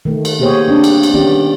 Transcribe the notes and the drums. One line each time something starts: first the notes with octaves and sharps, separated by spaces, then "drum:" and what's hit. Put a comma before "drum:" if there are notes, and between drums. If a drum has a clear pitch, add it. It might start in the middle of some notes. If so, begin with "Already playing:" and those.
D#3 A3
drum: cymbal
A#3 B3 G4 G#4 C5 C#5
C4 D4
drum: cymbal
drum: cymbal
D#3 B3 C#4 G4 D5